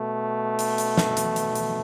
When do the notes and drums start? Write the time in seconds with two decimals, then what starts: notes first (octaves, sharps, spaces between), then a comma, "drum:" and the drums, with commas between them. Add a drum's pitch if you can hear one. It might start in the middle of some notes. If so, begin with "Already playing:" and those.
Already playing: B2 A3
0.59 drum: hi-hat
0.78 drum: hi-hat
0.98 drum: snare
1.17 drum: hi-hat
1.36 drum: hi-hat
1.56 drum: hi-hat